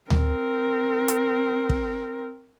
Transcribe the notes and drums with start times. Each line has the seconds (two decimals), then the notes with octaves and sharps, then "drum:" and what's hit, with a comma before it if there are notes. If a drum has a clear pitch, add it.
0.10 C4 A#4, drum: tom D2
1.08 drum: hi-hat
1.69 drum: kick